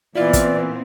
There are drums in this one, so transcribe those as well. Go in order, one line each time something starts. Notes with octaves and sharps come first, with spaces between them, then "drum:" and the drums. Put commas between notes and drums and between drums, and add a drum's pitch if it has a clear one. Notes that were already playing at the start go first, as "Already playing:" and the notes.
A#2 E3 B3 C4 E4 F4 D5
drum: kick, hi-hat